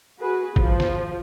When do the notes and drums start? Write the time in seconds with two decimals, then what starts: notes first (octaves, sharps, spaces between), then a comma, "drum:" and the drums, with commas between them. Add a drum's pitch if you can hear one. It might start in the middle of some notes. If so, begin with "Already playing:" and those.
0.20 F#4 G#4 B4
0.56 F3, drum: kick
0.80 drum: snare